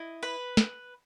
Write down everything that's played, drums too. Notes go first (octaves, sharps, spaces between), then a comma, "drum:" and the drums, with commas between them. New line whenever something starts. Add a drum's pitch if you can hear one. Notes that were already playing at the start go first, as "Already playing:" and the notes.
Already playing: E4 D#5
B4 B5
drum: snare